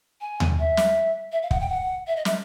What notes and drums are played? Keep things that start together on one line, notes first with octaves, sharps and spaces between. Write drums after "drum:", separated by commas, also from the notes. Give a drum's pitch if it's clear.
G#5
drum: tom D#2
E5
drum: snare
E5
F5
F#5, drum: kick
G5
F#5
E5
D#5
E5, drum: snare